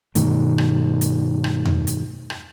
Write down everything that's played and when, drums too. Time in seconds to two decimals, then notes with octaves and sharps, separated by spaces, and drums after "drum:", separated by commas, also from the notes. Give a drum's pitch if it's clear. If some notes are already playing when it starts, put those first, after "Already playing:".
0.15 G2 B2 D#3 A3, drum: hi-hat
0.58 drum: rim click
1.01 drum: hi-hat
1.44 drum: rim click
1.65 drum: tom E2
1.87 drum: hi-hat
2.30 drum: rim click